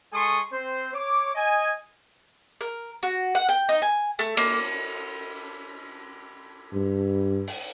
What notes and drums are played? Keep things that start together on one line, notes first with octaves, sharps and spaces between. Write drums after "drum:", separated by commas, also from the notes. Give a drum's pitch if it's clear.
G#3 A4 G#5 C6 C#6 D#6
C4 C5
C#5 D6
D#5 G#5
A#4
F#4
F#5
G5
D#4
G#5
A3
A#3, drum: cymbal
G2
drum: open hi-hat